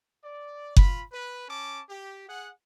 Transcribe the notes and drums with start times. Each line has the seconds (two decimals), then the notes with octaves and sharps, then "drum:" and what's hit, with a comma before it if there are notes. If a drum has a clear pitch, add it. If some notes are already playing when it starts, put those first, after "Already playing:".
0.24 D5
0.76 F4 B5, drum: kick F#1
1.11 B4
1.47 C#4 A5 D6
1.89 G4
2.28 G#4 F#5